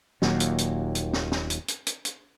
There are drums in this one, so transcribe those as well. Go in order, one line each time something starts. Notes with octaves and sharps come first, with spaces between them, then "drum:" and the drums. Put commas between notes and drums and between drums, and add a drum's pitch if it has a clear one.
D#1 D#2 A#2 F#3, drum: snare
drum: hi-hat
drum: hi-hat
drum: hi-hat
drum: snare
drum: snare
drum: hi-hat
drum: hi-hat
drum: hi-hat
drum: hi-hat